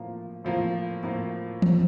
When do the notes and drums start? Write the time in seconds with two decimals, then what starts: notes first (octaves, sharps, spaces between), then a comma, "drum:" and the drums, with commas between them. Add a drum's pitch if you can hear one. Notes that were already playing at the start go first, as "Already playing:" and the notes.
Already playing: A2 F3 A#3 F4
0.45 A2 F3 A#3 F4
1.03 A2 F3 A#3 F4
1.62 E1 C3 F3, drum: tom E3